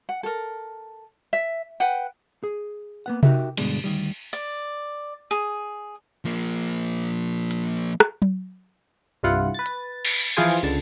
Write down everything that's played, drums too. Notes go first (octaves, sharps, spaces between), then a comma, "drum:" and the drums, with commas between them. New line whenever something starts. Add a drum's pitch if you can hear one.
F#5
A4 A#4
E5
B4 F#5 G5
G#4
A#3 B3 F#5
D#4 F#4 G4 A#4 E5, drum: tom C3
G2 B2 D3 G3 G#3, drum: cymbal
D2 D#3 G3
D5
G#4
F3 A#3
drum: hi-hat
drum: rim click
drum: tom F#3
C2 G2 E4 F4 F#5
B4 A6
drum: hi-hat
drum: cymbal
E3 F3 F4 G#4 C5 G#5
C#2 D3 A5